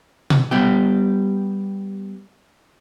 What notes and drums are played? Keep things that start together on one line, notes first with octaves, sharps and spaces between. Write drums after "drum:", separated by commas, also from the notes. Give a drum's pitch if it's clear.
drum: tom B2
G3 B3 G4